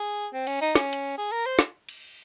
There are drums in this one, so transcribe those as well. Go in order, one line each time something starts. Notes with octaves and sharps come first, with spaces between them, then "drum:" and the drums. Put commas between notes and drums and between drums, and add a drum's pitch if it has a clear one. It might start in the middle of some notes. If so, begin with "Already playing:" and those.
Already playing: G#4
C4
C#4, drum: cymbal
D#4
C#4, drum: snare
drum: hi-hat
G#4
A#4
C5
drum: snare
drum: cymbal